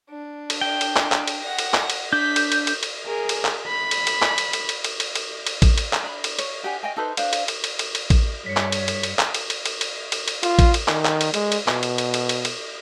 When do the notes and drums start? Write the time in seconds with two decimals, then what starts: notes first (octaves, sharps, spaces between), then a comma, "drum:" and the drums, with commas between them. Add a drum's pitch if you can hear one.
0.10 D4
0.50 drum: cymbal
0.61 G5
0.81 drum: cymbal
0.96 drum: clap
1.12 drum: clap
1.27 drum: cymbal
1.43 F#5 A#6
1.59 drum: cymbal
1.74 drum: clap
1.90 drum: cymbal
2.13 D4 G6 B6
2.36 drum: cymbal
2.52 drum: cymbal
2.67 drum: cymbal
2.83 drum: cymbal
3.07 G#4 A#4
3.29 drum: cymbal
3.45 drum: clap
3.68 B5
3.91 drum: cymbal
4.07 drum: cymbal
4.22 drum: clap
4.38 drum: cymbal
4.53 drum: cymbal
4.69 drum: cymbal
4.84 drum: cymbal
5.00 drum: cymbal
5.15 drum: cymbal
5.47 drum: cymbal
5.62 drum: kick A1, cymbal
5.78 drum: cymbal
5.93 drum: clap
6.03 D4 B5
6.24 drum: cymbal
6.39 C#5, drum: cymbal
6.63 D4 G4 F#5 G#5
6.83 D#5 G5 G#5
6.96 D#4 A4 B4 C5
7.17 D4 C5 F5, drum: cymbal
7.33 drum: cymbal
7.48 drum: cymbal
7.64 drum: cymbal
7.79 drum: cymbal
7.95 drum: cymbal
8.10 drum: kick A1, cymbal
8.46 G2 C#5 B6 C#7
8.57 drum: clap
8.72 drum: cymbal
8.88 drum: cymbal
9.03 drum: cymbal
9.19 drum: clap
9.34 drum: cymbal
9.50 drum: cymbal
9.66 drum: cymbal
9.81 drum: cymbal
10.12 drum: cymbal
10.28 drum: cymbal
10.43 F4, drum: cymbal
10.59 drum: kick A1, cymbal
10.74 drum: cymbal
10.88 D#3, drum: clap
11.05 drum: clap
11.21 drum: cymbal
11.34 G#3, drum: cymbal
11.52 drum: cymbal
11.68 B2, drum: clap
11.83 drum: cymbal
11.98 drum: cymbal
12.14 drum: cymbal
12.29 drum: cymbal
12.45 drum: cymbal